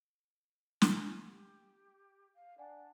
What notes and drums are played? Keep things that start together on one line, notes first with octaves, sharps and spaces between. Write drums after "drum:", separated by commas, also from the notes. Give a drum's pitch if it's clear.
G#5, drum: snare
G4
F5
D4 D5 F#5 G#5